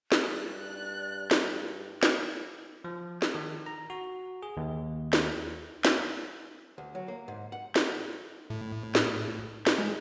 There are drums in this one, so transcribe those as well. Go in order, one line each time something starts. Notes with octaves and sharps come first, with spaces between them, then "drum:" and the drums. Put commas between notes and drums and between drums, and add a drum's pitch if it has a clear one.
drum: snare
G2 D5 F#6
drum: snare
drum: snare
F3
drum: snare
D#3
A#5
F#4
G#4
D#2
drum: snare
drum: snare
D2
F#3
A#3
G#2
F#5
drum: snare
A2
drum: snare
drum: snare
G#3